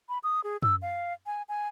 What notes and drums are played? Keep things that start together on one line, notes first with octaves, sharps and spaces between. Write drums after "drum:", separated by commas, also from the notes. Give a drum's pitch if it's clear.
B5
D#6
G#4
E6, drum: tom F#2
F5
G#5
G#5